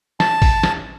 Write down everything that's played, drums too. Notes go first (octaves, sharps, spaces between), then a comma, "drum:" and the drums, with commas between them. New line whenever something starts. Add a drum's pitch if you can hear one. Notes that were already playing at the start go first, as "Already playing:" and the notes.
A5, drum: snare
drum: kick, open hi-hat
drum: snare